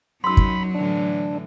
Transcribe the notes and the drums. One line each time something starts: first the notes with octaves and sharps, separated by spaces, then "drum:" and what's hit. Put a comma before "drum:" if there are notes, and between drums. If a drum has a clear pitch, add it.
F#2 F#3 D#4 B5 C6 E6
drum: kick
A2 D3 E3 D4